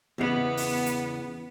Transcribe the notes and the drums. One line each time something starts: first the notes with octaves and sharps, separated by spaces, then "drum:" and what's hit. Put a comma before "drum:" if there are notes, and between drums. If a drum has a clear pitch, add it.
E2 C#3 B3 D#5
drum: open hi-hat
drum: hi-hat